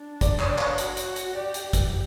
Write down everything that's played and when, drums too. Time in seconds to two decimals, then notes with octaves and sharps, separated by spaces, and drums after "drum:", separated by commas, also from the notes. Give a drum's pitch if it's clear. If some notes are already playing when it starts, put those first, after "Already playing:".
Already playing: D4
0.21 D5, drum: kick, hi-hat
0.39 C#5, drum: clap
0.50 D5
0.58 C#5, drum: clap
0.78 F#4, drum: hi-hat
0.97 drum: hi-hat
1.16 drum: hi-hat
1.35 G4 D5
1.54 drum: hi-hat
1.73 drum: kick, hi-hat